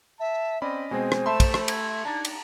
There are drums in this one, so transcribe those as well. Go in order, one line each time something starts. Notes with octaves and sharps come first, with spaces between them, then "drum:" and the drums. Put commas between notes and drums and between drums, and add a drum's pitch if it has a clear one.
E5 A5
C4 C#4 D5 D#5 B5
B2 G#3 C4 C5 G#5
drum: rim click
A3 E5 A5 B5 C6
drum: kick, cymbal
drum: rim click
G#6, drum: cymbal
D4 D#4 A5 A#5 A6
drum: cymbal